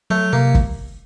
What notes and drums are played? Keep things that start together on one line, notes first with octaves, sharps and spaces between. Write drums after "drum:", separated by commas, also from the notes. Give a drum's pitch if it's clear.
F#3 A3
C3 A#3
drum: kick